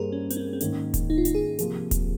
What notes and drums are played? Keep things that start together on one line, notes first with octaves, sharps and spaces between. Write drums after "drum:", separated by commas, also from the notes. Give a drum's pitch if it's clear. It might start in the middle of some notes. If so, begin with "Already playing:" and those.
Already playing: G2 G3 A#3 G#4 A#4 C5
C#4
C4, drum: hi-hat
C#4
C4
G#2 D#3 A#3 C#4, drum: hi-hat
drum: kick D#1, hi-hat
D#4
F4
D#4, drum: hi-hat
G#4
C3 F3 A#3 F4 G#4, drum: hi-hat
drum: kick D#1, hi-hat